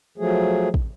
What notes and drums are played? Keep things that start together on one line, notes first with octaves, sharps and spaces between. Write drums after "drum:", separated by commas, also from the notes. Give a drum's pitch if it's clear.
F3 F#3 A3 G#4
drum: kick